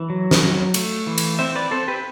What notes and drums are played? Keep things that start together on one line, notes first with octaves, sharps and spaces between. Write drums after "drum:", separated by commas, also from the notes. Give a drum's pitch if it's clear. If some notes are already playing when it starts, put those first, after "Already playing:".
Already playing: E3
F#3
drum: snare
F#3
A3, drum: cymbal
E3
drum: cymbal
C4 C5 E5
B4 D5
C4 A4 C5
G4 B4